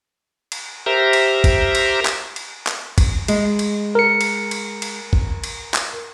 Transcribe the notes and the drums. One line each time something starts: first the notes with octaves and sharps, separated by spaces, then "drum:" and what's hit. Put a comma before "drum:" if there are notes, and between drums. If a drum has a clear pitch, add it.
drum: cymbal
G4 A#4 C5 E5 A#5
drum: cymbal
drum: kick, cymbal
drum: cymbal
drum: clap
drum: cymbal
drum: clap
drum: kick, cymbal
G#3, drum: cymbal
drum: cymbal
A#4 C#7
drum: cymbal
drum: cymbal
drum: cymbal
drum: kick
drum: cymbal
drum: clap